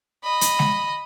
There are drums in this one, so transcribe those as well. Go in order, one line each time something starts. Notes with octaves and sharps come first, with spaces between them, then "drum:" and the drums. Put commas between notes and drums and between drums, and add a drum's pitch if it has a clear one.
D#5 B5
drum: hi-hat
drum: snare G#3